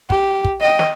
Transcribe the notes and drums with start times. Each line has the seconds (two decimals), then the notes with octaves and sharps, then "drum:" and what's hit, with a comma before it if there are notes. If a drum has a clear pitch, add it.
0.10 G4, drum: kick
0.45 drum: kick
0.61 D#5 G5
0.79 drum: snare